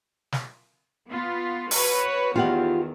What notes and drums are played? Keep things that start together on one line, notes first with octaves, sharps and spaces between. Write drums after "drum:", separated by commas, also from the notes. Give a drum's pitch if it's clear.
drum: snare
B3 F4
F#4 B4 C#5, drum: open hi-hat
E2 D#3 F4 G4 F#5